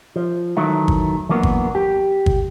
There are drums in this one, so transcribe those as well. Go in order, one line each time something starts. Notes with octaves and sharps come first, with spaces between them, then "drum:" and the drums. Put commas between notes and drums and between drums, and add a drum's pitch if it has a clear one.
F3
D#3 E3 F#3 A3
drum: kick G1
E3 F#3 A#3 B3 D4
drum: kick G1
G4
drum: kick G1